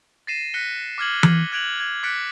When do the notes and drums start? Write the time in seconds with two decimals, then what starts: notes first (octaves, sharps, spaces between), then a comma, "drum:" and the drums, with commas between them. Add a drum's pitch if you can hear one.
0.27 A6 A#6 C7 D#7 E7
0.54 F#6 A#6 B6 C#7 G7
0.98 D6 F6 G#6 F#7
1.23 drum: tom E3
1.52 F#6 G#6 D7 F7 F#7
1.80 G#6
2.03 D6 F#6 A6 B6 C#7 D7